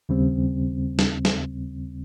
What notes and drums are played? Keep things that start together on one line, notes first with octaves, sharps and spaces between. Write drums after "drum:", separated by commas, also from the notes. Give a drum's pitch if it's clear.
D#2 C#3 G3 C4
drum: snare
drum: snare